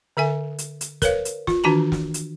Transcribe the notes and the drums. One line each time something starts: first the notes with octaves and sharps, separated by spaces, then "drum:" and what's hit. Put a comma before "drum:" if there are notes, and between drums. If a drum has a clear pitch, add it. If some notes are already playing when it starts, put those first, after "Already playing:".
D3 A4 E5 G#5
drum: hi-hat
drum: hi-hat
A#4 B4 C#5 F5, drum: kick, hi-hat
drum: hi-hat
F4, drum: snare
D#3 E3 D4 F#4 A5 A#5
drum: snare
drum: hi-hat